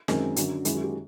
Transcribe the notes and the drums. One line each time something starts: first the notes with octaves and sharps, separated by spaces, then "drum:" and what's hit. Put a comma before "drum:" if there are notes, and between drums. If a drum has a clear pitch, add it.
F#2 D#3 G#3 C4, drum: snare
F#2 D3 F#3, drum: hi-hat
F#2 D#3 G#3 E4, drum: hi-hat
F#4
G4